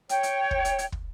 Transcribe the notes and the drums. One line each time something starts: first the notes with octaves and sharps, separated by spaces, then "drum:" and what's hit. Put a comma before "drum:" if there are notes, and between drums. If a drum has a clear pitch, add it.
C#5 G5, drum: hi-hat
drum: hi-hat
drum: kick
drum: hi-hat
drum: hi-hat
drum: kick